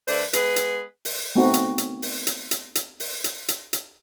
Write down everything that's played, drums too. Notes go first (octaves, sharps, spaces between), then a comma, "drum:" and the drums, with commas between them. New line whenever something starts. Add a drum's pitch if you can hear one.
D3 A3 D4 B4 C5, drum: open hi-hat
G#3 B3 G#4 B4, drum: hi-hat
drum: hi-hat
drum: open hi-hat
A3 B3 C4 D#4 F#4
drum: hi-hat
drum: hi-hat
drum: open hi-hat
drum: hi-hat
drum: hi-hat
drum: hi-hat
drum: open hi-hat
drum: hi-hat
drum: hi-hat
drum: hi-hat